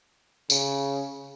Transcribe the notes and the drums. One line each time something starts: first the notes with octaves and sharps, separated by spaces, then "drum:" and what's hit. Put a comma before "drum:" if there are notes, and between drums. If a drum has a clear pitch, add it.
C#3, drum: tambourine